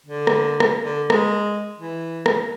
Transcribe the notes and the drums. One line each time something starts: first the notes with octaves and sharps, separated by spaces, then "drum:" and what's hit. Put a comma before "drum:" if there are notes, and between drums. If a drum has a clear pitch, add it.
D3
drum: rim click
drum: rim click
D3
G#3, drum: rim click
E3
drum: rim click